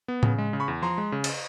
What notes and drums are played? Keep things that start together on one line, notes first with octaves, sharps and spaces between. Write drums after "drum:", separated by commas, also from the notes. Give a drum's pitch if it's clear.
B3
C#3, drum: tom A2
G#3
C#3
B5 C#6
E2
F3 A#5 C6
G#3
C#3
drum: cymbal